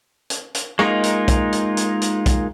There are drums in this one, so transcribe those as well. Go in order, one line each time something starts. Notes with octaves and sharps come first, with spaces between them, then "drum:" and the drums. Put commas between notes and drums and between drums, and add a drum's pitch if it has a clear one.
drum: hi-hat
drum: hi-hat
G#3 A#3 D#4 F4, drum: rim click
drum: hi-hat
drum: kick B1, hi-hat
drum: hi-hat
drum: hi-hat
drum: hi-hat
drum: kick B1, hi-hat